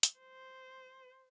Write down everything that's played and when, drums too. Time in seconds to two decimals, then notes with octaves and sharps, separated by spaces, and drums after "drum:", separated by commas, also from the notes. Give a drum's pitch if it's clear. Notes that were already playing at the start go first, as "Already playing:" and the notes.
0.03 drum: hi-hat
0.19 C5